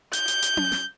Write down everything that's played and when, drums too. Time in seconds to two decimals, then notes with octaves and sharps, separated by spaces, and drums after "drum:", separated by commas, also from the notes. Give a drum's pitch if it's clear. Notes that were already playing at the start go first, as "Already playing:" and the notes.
0.13 G6, drum: hi-hat
0.28 drum: hi-hat
0.42 drum: hi-hat
0.57 drum: tom C#4
0.72 drum: snare